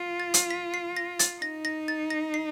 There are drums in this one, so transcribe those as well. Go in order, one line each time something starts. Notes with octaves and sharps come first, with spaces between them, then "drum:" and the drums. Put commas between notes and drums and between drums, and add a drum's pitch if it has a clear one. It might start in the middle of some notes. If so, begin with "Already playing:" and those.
Already playing: F4
A6
drum: hi-hat
B6
C7
A#6
A6, drum: hi-hat
D#4 A#6
A#6
A6
A#6
C7